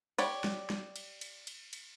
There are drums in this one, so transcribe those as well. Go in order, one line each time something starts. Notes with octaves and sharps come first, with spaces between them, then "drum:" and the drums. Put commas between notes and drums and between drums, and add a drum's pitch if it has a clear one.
G4 C#5 D5, drum: cymbal
drum: snare
drum: snare
drum: cymbal
drum: cymbal
drum: cymbal
drum: cymbal